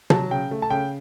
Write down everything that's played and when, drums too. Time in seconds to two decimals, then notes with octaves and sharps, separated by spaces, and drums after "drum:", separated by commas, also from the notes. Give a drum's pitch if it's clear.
0.10 F#3 A5, drum: tom
0.31 C#3 G5
0.51 A3
0.62 A5
0.70 C#3 G5